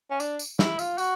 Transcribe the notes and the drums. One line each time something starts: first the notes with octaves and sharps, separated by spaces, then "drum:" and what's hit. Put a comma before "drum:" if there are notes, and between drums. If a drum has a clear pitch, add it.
C#4
D4, drum: tambourine
drum: tambourine
E4, drum: snare
F4, drum: tambourine
F#4, drum: tambourine